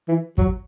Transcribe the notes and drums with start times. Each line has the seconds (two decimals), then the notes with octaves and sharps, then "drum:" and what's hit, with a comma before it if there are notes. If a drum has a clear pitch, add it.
0.08 E3
0.38 F#3, drum: kick